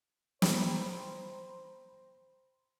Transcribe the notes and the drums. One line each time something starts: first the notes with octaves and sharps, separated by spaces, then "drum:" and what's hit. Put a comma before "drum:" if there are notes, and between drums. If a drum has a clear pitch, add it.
C5 G5 A#5 B5, drum: snare